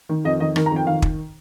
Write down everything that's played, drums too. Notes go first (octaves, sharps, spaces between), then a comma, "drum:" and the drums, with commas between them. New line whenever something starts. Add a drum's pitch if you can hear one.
D#3
F2 D#5
D#3 D#5
D#3 A#4, drum: rim click
A#5
F2
G5
D#3 F5
drum: kick